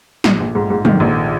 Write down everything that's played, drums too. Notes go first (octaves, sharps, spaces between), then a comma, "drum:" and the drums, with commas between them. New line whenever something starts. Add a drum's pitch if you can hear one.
A#1, drum: snare
A#1
G#2
G#2
D#3, drum: tom
A#1